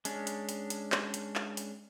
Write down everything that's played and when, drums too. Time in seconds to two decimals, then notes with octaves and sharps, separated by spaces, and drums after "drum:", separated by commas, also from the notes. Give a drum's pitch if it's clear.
0.05 G#3 C#4 D4, drum: hi-hat
0.27 drum: hi-hat
0.49 drum: hi-hat
0.70 drum: hi-hat
0.92 drum: clap
1.14 drum: hi-hat
1.36 drum: clap
1.57 drum: hi-hat